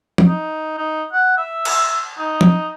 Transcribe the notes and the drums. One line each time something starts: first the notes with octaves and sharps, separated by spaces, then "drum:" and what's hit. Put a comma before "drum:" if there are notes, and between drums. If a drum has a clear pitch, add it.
drum: tom F3
D#4
D#4
F#5
E5
drum: cymbal
D#4
drum: tom F3